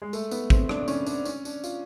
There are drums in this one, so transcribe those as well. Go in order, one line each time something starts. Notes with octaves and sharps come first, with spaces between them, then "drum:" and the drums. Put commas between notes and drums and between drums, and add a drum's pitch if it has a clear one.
G#3
A3, drum: tambourine
B3, drum: tambourine
C4, drum: kick, tambourine
D4, drum: rim click
C#4, drum: tambourine
D4, drum: tambourine
C#4, drum: tambourine
D4, drum: tambourine
F4, drum: tambourine